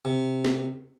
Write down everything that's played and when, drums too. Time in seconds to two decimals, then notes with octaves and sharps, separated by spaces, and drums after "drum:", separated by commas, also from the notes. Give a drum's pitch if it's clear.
0.05 C3
0.44 drum: snare